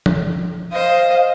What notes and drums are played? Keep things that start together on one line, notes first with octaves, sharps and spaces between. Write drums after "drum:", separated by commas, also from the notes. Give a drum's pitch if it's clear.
drum: tom F3
C5 D#5 F5